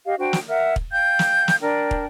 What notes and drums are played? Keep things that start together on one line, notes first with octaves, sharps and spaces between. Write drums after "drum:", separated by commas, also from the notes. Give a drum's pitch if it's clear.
G4 D#5 F5
D4 F#4 C5 G5
drum: snare
A#4 E5 F#5
drum: kick
F5 G5 G6
drum: snare
drum: snare
D4 A#4 D5 G5
drum: kick